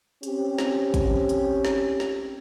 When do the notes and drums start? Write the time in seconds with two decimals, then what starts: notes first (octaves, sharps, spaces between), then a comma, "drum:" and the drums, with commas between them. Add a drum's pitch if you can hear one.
0.23 C4 C#4 G4, drum: hi-hat
0.58 drum: snare
0.94 drum: kick, hi-hat
1.29 drum: hi-hat
1.65 drum: snare
2.00 drum: snare